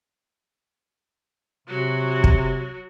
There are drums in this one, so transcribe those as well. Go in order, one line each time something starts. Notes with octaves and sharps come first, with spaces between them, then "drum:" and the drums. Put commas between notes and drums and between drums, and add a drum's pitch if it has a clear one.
C3 F#3 F#4
drum: kick